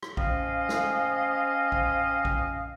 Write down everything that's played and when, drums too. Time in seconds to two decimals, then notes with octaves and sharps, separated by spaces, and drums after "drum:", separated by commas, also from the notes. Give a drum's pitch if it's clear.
0.03 drum: rim click
0.17 C4 C#4 D#5 F5, drum: kick A#1
0.69 drum: snare
1.72 drum: kick A#1
2.25 drum: kick A#1